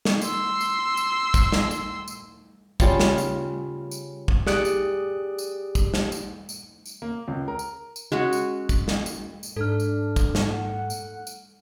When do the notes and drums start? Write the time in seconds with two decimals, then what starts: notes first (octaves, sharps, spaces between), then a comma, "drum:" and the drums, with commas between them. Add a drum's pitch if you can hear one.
0.05 drum: snare
0.21 C6 E6, drum: tambourine
0.61 drum: tambourine
0.97 drum: tambourine
1.34 drum: kick, tambourine
1.52 drum: snare
1.71 drum: tambourine
2.08 drum: tambourine
2.80 C#3 G3 F4 A5, drum: kick, tambourine
3.00 drum: snare
3.18 drum: tambourine
3.91 drum: tambourine
4.28 drum: kick
4.47 G4 G#4 D5 D#6 F#6 D7, drum: snare
4.65 drum: tambourine
5.38 drum: tambourine
5.75 drum: kick, tambourine
5.94 drum: snare
6.12 drum: tambourine
6.49 drum: tambourine
6.86 drum: tambourine
7.02 A#3
7.28 C#2
7.48 A#4
7.59 drum: tambourine
7.96 drum: tambourine
8.12 G#3 C#4 F#4
8.33 drum: tambourine
8.69 drum: kick, tambourine
8.88 drum: snare
9.06 drum: tambourine
9.43 drum: tambourine
9.56 G#2 D4 A4 F6
9.80 drum: tambourine
10.16 drum: kick, tambourine
10.35 drum: snare
10.49 F#5
10.90 drum: tambourine
11.27 drum: tambourine